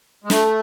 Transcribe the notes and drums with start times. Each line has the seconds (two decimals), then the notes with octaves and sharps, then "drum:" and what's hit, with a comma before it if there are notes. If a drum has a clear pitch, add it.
0.24 G#3
0.30 A3, drum: snare